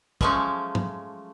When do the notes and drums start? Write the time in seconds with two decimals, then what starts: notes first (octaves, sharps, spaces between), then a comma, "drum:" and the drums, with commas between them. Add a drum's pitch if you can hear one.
0.21 F3 F#3 G#3 A3 C#4, drum: kick
0.75 drum: tom